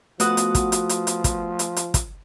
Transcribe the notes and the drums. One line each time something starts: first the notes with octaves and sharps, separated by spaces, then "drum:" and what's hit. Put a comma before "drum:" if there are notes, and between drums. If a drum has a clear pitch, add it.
F3 A3 B3 F#4 F#5 D#6, drum: hi-hat
drum: hi-hat
drum: kick, hi-hat
drum: hi-hat
drum: hi-hat
drum: hi-hat
drum: kick, hi-hat
drum: hi-hat
drum: hi-hat
drum: kick, hi-hat